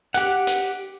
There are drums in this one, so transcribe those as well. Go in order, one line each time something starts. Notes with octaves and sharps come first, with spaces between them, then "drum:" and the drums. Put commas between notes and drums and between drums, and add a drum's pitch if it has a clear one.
G4 F#5, drum: hi-hat
drum: hi-hat